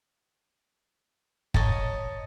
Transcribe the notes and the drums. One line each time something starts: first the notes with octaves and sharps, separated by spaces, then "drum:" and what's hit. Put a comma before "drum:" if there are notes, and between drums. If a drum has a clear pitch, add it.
C#5 D#5 A5 A#5, drum: kick